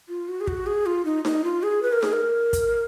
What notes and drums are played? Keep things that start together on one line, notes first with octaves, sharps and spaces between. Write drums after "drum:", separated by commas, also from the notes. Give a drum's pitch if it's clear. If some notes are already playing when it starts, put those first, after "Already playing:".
F4
F#4
G#4
F#4, drum: kick
G#4
F4
D#4
D#4, drum: snare D#4
F4
G#4
B4
A#4
G#4, drum: snare D#4
A#4
drum: kick, hi-hat